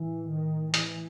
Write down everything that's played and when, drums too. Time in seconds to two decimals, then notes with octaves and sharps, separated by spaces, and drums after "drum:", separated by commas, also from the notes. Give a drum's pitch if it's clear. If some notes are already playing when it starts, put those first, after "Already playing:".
Already playing: A2 E3
0.31 D#3
0.74 E3, drum: hi-hat